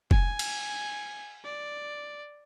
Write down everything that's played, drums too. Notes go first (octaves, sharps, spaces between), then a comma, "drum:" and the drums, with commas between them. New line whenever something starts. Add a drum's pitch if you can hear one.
G#5, drum: kick F1
drum: cymbal
D5